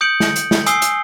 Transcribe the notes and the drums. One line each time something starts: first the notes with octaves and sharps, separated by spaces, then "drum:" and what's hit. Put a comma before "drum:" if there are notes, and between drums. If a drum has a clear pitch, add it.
D#6 G6 C#7 D7 F#7
drum: snare
drum: hi-hat
drum: snare
G#5 D#6 E6 C7 G7, drum: hi-hat
drum: hi-hat